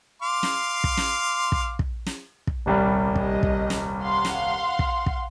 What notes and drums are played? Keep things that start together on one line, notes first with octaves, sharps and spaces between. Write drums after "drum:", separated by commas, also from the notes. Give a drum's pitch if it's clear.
F5 C6 D6
drum: snare
drum: kick
drum: snare
drum: kick
drum: kick
drum: snare
drum: kick
D#1 C2 G3
G4 D#5, drum: kick
drum: kick
drum: snare
F5 F#5 C6
drum: snare
drum: kick
drum: kick